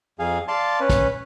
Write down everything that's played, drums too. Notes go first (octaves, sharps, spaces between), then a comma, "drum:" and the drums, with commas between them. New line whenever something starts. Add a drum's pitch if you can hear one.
F2 G#4 F5
D5 F5 A5 C6
C#4 B4
drum: kick, hi-hat